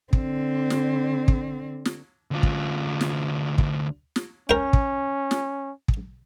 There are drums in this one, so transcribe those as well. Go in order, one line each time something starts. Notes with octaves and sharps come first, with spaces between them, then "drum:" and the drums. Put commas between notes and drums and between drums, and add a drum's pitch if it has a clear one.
D3 C4, drum: kick
drum: snare
drum: kick
drum: snare
D2 F4
drum: kick
drum: snare
drum: kick
drum: snare
C#4 A#4 G5
drum: kick
drum: snare
drum: kick